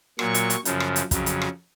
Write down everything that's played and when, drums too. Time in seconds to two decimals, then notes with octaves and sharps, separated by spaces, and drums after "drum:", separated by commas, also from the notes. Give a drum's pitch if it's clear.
0.19 A#2 F#3 C#6, drum: rim click
0.34 drum: hi-hat
0.50 drum: hi-hat
0.65 F#2 C#3 F3, drum: hi-hat
0.80 drum: rim click
0.96 drum: hi-hat
1.11 F2 C#3 F#3, drum: kick, hi-hat
1.26 drum: hi-hat
1.42 drum: rim click